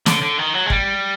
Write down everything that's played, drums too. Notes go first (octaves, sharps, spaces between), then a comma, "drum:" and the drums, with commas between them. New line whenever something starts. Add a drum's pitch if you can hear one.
D3, drum: snare
D3
D#3
F#3
G#3
G3, drum: kick